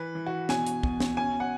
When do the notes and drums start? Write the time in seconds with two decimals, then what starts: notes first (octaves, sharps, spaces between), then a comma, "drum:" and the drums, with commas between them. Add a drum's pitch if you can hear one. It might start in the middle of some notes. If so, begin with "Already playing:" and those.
Already playing: E3 B4
0.15 E3
0.27 F#4
0.49 B2 G#5, drum: snare
0.66 drum: hi-hat
0.83 B2, drum: kick
1.00 drum: snare
1.17 C#4 G#5
1.40 F#5